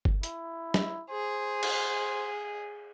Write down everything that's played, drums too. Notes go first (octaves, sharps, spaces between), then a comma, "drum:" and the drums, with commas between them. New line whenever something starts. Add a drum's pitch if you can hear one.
drum: kick G1
E4, drum: hi-hat
drum: snare
G#4 C5
drum: cymbal